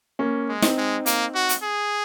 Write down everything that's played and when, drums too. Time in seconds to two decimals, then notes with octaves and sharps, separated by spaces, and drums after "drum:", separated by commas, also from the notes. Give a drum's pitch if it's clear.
0.19 A#3 C#4
0.48 G#3
0.62 C4 D#4, drum: snare
0.77 G#3
1.06 A#3, drum: hi-hat
1.35 F#4
1.49 drum: hi-hat
1.63 G#4